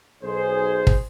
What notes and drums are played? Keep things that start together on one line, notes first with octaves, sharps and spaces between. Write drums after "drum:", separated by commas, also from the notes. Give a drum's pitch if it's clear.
B1 G#4 C5
drum: kick